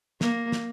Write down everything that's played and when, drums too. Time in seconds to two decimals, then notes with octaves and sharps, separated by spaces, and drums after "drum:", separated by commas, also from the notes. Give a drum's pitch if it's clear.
0.21 A#3, drum: snare
0.52 drum: snare